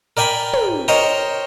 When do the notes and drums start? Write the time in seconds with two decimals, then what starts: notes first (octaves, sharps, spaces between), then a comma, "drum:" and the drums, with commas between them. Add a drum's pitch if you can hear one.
0.17 A#4 D5 G5 G#5 B5
0.53 drum: tom
0.88 A#4 C5 C#5 D#5 G5 A#5